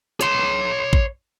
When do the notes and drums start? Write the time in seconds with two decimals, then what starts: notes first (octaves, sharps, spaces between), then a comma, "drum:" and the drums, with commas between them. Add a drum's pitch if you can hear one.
0.21 C#5 C6, drum: hi-hat
0.93 drum: kick A1